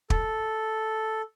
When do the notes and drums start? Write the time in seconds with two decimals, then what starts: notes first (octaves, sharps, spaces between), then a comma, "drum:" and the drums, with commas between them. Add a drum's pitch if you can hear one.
0.10 A4, drum: kick